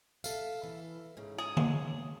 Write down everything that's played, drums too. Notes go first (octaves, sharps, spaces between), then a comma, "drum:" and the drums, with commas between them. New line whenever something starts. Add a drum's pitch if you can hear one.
A4 E5 F5, drum: tambourine
E3
G#2 C#3
G#4
drum: tom D3